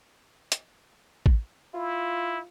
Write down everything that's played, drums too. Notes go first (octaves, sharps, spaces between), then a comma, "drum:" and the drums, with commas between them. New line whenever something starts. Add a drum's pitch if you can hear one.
drum: hi-hat
drum: kick A1
E4 F4